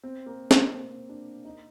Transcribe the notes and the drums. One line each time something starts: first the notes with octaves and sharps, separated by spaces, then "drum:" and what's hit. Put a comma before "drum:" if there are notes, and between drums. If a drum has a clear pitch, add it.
C4
A#3
A#3, drum: snare
C4
D4
D#4